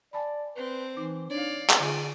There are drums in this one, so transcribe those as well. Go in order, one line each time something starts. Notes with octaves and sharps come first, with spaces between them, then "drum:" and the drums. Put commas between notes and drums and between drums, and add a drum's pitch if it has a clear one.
D5 G#5 A5 B5
C4 B4
E3 D#4 D6
D4 D#4 C#5 D5 F5
drum: clap
D3 F4 G#4 D5 G#5 D6